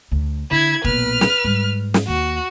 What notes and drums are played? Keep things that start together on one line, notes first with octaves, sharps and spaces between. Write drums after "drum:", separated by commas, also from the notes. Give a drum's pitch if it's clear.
D2
D3 E4 G#6
B1 A#2 B4 F6, drum: kick
drum: snare
G#2 G3
drum: snare
D#2 F#4